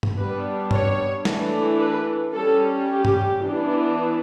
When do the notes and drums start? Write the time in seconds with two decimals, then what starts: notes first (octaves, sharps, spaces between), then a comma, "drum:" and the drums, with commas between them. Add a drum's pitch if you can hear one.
0.03 drum: tom G2
0.17 G3 B3 D4 B4
0.71 C#5, drum: tom G2
1.25 E3 A3 D4, drum: snare
1.79 B4
2.33 G3 C#4 A4
2.88 G4
3.05 drum: tom G2
3.41 E3 B3 D4